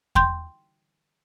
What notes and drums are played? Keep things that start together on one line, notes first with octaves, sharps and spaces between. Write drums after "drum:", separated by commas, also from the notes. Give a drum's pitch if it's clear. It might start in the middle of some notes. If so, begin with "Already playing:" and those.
G5 C6 G6, drum: kick E2